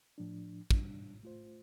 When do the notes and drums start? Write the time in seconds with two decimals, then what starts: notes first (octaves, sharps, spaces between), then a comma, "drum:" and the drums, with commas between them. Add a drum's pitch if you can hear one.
0.18 A2 F3 D4
0.71 G2 G3 D4, drum: kick
1.23 A3 F4 C5